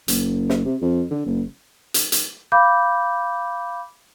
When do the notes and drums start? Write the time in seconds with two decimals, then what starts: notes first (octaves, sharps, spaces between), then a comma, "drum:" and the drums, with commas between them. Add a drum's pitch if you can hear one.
0.08 F#1, drum: hi-hat
0.50 drum: snare
0.65 C3
0.82 F2
1.11 D3
1.26 F#1
1.94 drum: hi-hat
2.12 drum: hi-hat
2.52 F5 B5 D6 G6